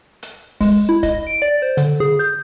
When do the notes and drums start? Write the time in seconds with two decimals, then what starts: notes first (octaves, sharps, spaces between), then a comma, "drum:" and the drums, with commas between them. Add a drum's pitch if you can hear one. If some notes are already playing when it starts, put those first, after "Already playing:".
0.23 drum: hi-hat
0.61 G#3, drum: kick, open hi-hat
0.89 E4
1.03 D#5, drum: kick, hi-hat
1.27 D7
1.42 D5
1.62 C5
1.77 D3, drum: hi-hat
2.00 G#4
2.19 G6